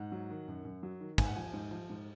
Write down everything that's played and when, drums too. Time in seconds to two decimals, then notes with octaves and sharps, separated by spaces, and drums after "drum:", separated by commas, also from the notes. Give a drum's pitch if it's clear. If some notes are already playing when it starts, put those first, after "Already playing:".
Already playing: G#2 F#5
0.12 F#3
0.30 D#3
0.48 F#2
0.65 F#2
0.83 F#3
1.00 D#3
1.18 G#2 G#5, drum: kick, cymbal
1.27 F#5
1.36 F3 G#5
1.54 G#2
1.71 F3
1.90 G#2